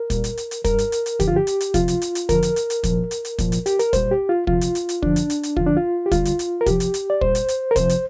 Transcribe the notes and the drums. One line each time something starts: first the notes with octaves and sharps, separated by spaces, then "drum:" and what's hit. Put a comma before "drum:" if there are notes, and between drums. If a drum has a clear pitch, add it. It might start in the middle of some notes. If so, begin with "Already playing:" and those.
Already playing: A#4
C2 A#2 G3, drum: kick, hi-hat
drum: hi-hat
drum: hi-hat
drum: hi-hat
G2 G3 A#4, drum: kick, hi-hat
drum: hi-hat
drum: hi-hat
drum: hi-hat
G2 D3 F3 G4, drum: kick, hi-hat
F4
G4
drum: hi-hat
drum: hi-hat
D2 C3 F3 F4, drum: kick, hi-hat
drum: hi-hat
drum: hi-hat
drum: hi-hat
F2 D3 F3 A#4, drum: kick, hi-hat
drum: hi-hat
drum: hi-hat
drum: hi-hat
C2 A#2 F3, drum: kick, hi-hat
drum: hi-hat
drum: hi-hat
C2 A#2 F3, drum: kick, hi-hat
drum: hi-hat
G4, drum: hi-hat
A#4, drum: hi-hat
C2 A#2 G3 C5, drum: kick, hi-hat
G4
F4
D2 C3 F3 F4, drum: kick
drum: hi-hat
drum: hi-hat
drum: hi-hat
F2 D3 F3 D4, drum: kick
drum: hi-hat
drum: hi-hat
drum: hi-hat
F2 D3 F3 F4, drum: kick
D4
F4
G4
D2 D3 G3 F4, drum: kick, hi-hat
drum: hi-hat
drum: hi-hat
A#4
C2 C3 F3 G4, drum: kick, hi-hat
drum: hi-hat
drum: hi-hat
D5
C2 A#2 G3 C5, drum: kick
drum: hi-hat
drum: hi-hat
A#4
C2 C3 F3 C5, drum: kick, hi-hat
drum: hi-hat